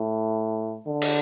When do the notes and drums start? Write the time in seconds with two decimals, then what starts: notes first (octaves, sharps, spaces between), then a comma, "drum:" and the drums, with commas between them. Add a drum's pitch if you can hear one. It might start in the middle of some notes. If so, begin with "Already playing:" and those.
Already playing: A2
0.87 D3
1.02 drum: cymbal